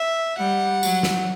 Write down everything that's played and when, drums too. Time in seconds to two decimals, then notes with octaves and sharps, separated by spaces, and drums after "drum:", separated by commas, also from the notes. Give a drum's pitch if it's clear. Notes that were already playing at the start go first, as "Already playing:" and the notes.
Already playing: E5
0.38 G3 F#5
0.83 F#3, drum: tambourine
1.03 drum: snare